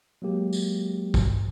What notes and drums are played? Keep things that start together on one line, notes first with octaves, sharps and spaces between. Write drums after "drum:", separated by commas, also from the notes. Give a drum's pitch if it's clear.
F#3 G#3 A#3 G4
drum: tambourine
drum: kick, tambourine